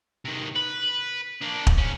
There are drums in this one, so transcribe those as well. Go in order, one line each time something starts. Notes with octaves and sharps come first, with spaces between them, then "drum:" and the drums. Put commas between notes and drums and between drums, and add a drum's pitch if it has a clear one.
C3 D#3
B4
A#3 D4
drum: kick
G#2 C#4